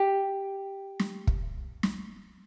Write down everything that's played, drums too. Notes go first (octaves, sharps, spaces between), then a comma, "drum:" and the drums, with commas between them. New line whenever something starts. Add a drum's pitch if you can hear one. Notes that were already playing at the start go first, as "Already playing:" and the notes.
Already playing: G4
drum: snare
drum: kick
drum: snare